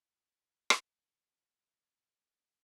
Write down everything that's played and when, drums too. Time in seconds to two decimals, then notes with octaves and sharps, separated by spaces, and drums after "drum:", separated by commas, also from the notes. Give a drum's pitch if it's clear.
0.35 B4
0.70 drum: rim click
0.92 F3
1.82 D5